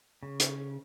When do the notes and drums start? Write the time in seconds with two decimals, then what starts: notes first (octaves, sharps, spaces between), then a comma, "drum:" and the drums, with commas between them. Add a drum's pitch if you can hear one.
0.23 C#3
0.40 drum: hi-hat